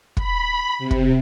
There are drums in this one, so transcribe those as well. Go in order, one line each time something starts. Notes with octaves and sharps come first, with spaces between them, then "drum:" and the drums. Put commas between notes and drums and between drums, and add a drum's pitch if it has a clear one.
B5, drum: kick
C3
drum: kick